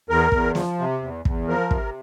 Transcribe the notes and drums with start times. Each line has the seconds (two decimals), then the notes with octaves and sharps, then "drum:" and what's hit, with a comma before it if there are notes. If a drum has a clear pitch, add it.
0.10 E2 A#4
0.32 E2, drum: kick
0.55 F3, drum: snare
0.79 C3
1.02 E2
1.25 E2, drum: kick
1.48 F3 A#4
1.71 C3, drum: kick